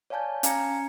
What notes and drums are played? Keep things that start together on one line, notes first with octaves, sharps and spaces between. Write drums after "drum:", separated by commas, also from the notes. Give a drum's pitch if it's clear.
C#5 D5 F5 G#5 A5 G6
C#4 F5 G#5 A#5 G#6 C#7, drum: hi-hat